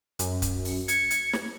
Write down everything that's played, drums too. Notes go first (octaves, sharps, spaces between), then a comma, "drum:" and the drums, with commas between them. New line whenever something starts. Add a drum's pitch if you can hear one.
F#2, drum: hi-hat
drum: kick C#1, hi-hat
drum: open hi-hat
G#6 C#7, drum: hi-hat
drum: hi-hat
drum: snare